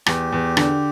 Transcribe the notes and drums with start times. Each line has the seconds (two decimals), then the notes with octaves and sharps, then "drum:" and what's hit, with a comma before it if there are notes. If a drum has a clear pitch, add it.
0.06 E2 G4, drum: rim click
0.32 E2
0.57 D3, drum: rim click